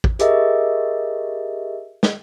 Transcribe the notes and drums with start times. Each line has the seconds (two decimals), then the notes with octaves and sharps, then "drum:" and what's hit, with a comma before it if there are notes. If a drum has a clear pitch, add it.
0.04 drum: kick
0.19 G4 G#4 A#4 D#5 E5, drum: hi-hat
2.03 drum: snare